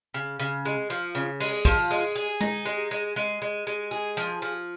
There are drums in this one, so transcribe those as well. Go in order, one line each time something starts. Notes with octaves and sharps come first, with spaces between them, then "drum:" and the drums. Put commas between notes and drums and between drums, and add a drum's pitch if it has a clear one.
C#3
C#3
G#3
F3
C#3
G#3, drum: open hi-hat
F3, drum: kick
G#3
G#4
D#4, drum: tom G#3
G#3
G#3
G#3
G#3
G#3
G#4
F3, drum: hi-hat
F3